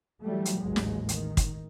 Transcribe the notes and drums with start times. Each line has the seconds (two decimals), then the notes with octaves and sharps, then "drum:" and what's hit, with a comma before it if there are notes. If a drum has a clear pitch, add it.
0.23 E3 F#3 G3 A3
0.45 drum: hi-hat
0.61 A1 D#2 F#3 G#3
0.76 drum: snare
1.09 D#3, drum: hi-hat
1.37 drum: kick, hi-hat